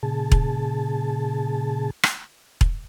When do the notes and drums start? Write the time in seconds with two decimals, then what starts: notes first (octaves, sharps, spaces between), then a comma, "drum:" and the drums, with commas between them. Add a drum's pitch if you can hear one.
0.03 A#2 C#3 G#4 A5
0.32 drum: kick E1
2.03 drum: rim click
2.61 drum: kick E1